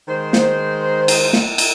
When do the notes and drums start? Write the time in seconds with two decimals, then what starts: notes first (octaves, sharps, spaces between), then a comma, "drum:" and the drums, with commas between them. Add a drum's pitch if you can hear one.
0.08 D#3 G#3 C5
0.33 drum: snare
1.08 drum: cymbal
1.33 drum: snare
1.58 drum: cymbal